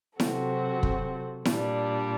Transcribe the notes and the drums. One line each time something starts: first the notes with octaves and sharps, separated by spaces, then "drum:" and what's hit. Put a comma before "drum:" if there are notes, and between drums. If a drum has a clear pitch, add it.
C3 F#3 C4 F#4 A4, drum: snare E4
drum: kick
A#2 G3 D4, drum: snare E4